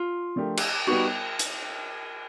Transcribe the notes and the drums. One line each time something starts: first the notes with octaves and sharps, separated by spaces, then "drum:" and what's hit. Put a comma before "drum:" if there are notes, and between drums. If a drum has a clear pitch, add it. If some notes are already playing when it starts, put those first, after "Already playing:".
Already playing: F4
F3 A3 D4 G4 A#4
drum: cymbal
G3 B3 D#4 F#4
drum: hi-hat